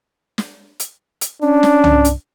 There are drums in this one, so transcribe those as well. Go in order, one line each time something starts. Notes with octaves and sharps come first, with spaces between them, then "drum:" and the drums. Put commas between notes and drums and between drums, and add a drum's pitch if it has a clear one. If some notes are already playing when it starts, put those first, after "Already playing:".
drum: snare
drum: hi-hat
drum: hi-hat
C#4 D4
drum: snare
drum: tom C2
drum: hi-hat